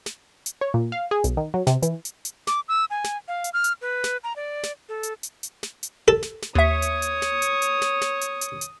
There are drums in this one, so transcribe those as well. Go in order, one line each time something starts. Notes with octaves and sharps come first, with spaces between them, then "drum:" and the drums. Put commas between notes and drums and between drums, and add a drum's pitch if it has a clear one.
drum: snare
drum: hi-hat
C#5
A#2
F5
G#4
B1, drum: hi-hat
D#3
F#3
C3, drum: snare
E3, drum: hi-hat
drum: hi-hat
drum: hi-hat
D6, drum: snare
E6
G#5
drum: snare
F5
drum: hi-hat
F6
drum: hi-hat
B4
drum: snare
A#5
D5
drum: snare
A4
drum: hi-hat
drum: hi-hat
drum: hi-hat
drum: snare
drum: hi-hat
A4
drum: snare
drum: snare
D#2 C#5 E5 D#6
drum: hi-hat
drum: hi-hat
drum: snare
drum: hi-hat
drum: hi-hat
drum: snare
drum: snare
drum: hi-hat
drum: hi-hat
drum: hi-hat